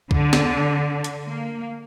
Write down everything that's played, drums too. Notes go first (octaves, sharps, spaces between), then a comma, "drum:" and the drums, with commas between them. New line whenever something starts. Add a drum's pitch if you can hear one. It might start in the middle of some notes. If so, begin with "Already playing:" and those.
D3, drum: kick C2
drum: snare
drum: hi-hat
A#3